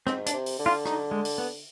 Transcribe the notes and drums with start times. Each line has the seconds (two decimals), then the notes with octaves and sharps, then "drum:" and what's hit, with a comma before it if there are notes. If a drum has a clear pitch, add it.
0.07 G#2 C4, drum: rim click
0.26 D4, drum: hi-hat
0.33 C3
0.46 drum: open hi-hat
0.59 D3
0.66 F4
0.85 D#4, drum: rim click
1.11 G#3
1.25 drum: open hi-hat
1.38 B3